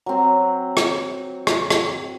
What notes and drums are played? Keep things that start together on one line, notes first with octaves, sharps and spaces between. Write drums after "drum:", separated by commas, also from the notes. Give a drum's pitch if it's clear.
F#3 C4
drum: rim click
drum: rim click
drum: rim click